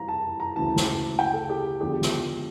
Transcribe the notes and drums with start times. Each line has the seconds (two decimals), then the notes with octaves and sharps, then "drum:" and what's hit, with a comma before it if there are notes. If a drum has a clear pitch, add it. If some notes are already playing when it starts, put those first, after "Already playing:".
Already playing: F2 E3 G3 F5 A#5
0.08 A5
0.40 A#5
0.56 D2 C#3 E3 A5
0.76 drum: snare
1.19 G5
1.33 A4
1.49 G4
1.66 A4
1.81 E2 D3 F3 G4
2.02 drum: snare